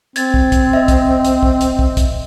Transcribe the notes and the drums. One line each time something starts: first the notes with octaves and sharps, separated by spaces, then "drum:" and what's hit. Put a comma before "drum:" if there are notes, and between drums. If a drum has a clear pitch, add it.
C4 G#6 A6, drum: hi-hat
drum: kick
drum: kick, hi-hat
D#5 E5
drum: kick, hi-hat
drum: hi-hat
drum: kick
drum: hi-hat
drum: kick
drum: kick, hi-hat